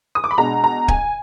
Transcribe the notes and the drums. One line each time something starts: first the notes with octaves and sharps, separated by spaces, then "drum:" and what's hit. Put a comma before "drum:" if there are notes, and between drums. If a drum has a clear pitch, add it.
D#6
D6
B5
B2 G#3 D4 A#5
A#5
G#5, drum: kick D1